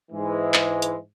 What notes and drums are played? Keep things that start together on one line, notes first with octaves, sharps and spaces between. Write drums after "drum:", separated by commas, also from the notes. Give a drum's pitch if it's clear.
G#2 E3 G#3
drum: clap
drum: hi-hat